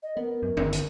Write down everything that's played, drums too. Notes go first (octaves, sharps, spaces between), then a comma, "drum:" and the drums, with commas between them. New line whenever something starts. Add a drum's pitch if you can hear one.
D#5
B3 A#4
F#2
G1, drum: tom
drum: hi-hat